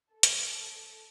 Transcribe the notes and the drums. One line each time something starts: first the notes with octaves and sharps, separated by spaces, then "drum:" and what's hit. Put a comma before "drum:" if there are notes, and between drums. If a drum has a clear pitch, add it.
A4
drum: hi-hat